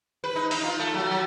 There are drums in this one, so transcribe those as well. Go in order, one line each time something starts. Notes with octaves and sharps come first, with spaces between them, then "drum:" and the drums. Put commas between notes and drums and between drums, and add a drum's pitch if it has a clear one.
B4
D#4
D#4, drum: open hi-hat
F4
A3
F#3
F#3